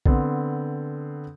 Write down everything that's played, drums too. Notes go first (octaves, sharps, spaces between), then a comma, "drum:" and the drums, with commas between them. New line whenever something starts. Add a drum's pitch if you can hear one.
D3 B3 C4, drum: kick A#1